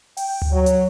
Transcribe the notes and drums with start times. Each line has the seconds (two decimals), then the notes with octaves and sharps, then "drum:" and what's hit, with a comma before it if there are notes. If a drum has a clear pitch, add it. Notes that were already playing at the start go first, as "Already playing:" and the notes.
0.17 G5, drum: open hi-hat
0.42 drum: tom D2
0.52 F#3
0.66 drum: hi-hat